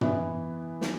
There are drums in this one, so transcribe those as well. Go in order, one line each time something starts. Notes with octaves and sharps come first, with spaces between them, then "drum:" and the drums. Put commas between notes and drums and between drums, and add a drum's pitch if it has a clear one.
E3 B3 E4, drum: tom
drum: snare